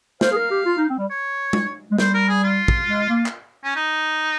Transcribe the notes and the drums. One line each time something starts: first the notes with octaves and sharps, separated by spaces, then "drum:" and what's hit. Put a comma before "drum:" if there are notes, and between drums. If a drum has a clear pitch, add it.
C5 F5, drum: snare
G#4
A#4
G4
F4
D#4
C4
G3
C#5
drum: tom G#3
G#3
G3 C5, drum: snare
A#4
G#4
F4
drum: kick
G#3
A#3
drum: clap
C#4
D#4